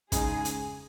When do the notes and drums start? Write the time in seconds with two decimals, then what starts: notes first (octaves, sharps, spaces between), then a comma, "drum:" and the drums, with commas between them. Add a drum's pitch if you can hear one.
0.12 C#3 G#3 D#4 G#4, drum: kick, hi-hat
0.45 drum: hi-hat